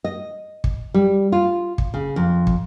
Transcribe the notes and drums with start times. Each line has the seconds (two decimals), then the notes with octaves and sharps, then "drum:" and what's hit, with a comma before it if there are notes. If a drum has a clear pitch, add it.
0.04 D#5
0.64 drum: kick
0.94 G3
1.32 F4
1.78 drum: kick
1.94 C#3
2.16 F2
2.47 drum: kick